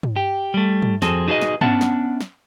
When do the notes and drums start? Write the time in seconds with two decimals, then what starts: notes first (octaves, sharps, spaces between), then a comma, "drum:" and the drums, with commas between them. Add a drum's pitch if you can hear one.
0.03 drum: tom
0.16 G4
0.54 G3 A3
0.82 drum: tom
1.02 F2 C4 F#4 G#4 A4, drum: snare
1.28 D#4 F#4 G#4 B4 C#5 D#5
1.42 drum: snare
1.61 B3 C#4 D4 E5 F#5 A5, drum: tom
1.81 drum: snare
2.21 drum: snare